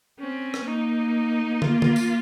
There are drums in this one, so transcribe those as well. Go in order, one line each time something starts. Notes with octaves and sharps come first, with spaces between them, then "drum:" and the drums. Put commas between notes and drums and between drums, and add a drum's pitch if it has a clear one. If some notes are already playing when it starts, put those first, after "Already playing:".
C4 C#4
drum: rim click
A#3 D#4
A#3 F4, drum: tom
drum: tom
drum: tambourine